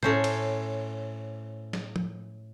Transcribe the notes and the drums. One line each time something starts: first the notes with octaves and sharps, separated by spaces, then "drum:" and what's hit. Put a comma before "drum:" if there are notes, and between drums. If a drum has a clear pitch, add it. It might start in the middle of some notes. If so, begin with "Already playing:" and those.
A2 C#4 C5, drum: tom A2
drum: cymbal
drum: snare
drum: tom